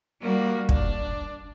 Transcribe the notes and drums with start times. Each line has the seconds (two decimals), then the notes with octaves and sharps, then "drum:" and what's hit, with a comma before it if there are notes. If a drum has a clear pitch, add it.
0.20 G3 A#3 D4 F#4
0.69 D4, drum: kick